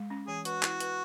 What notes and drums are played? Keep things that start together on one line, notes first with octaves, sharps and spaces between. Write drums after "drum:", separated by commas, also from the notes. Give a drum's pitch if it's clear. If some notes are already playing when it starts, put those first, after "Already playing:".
Already playing: G#3
C#4
E3 G#4
F#4 B4, drum: hi-hat
E4, drum: clap
B4, drum: hi-hat